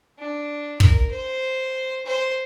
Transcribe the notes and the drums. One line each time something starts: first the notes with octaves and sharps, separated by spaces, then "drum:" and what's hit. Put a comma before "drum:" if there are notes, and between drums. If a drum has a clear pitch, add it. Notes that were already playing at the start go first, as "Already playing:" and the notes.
D4
A#4, drum: kick
C5
C5